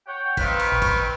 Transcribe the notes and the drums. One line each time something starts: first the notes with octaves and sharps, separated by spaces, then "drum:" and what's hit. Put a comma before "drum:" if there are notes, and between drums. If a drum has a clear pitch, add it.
C#5 F#5 G5
D#3 C4 B4 F5 F#6 B6, drum: kick A1, cymbal
drum: cymbal
A#1 C#6
drum: kick A1, cymbal